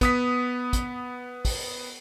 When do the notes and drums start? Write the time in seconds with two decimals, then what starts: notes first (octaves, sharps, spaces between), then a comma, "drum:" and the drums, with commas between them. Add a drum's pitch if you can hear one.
0.01 B3 D#6 B6, drum: kick, hi-hat
0.73 drum: kick, hi-hat
1.45 drum: kick, open hi-hat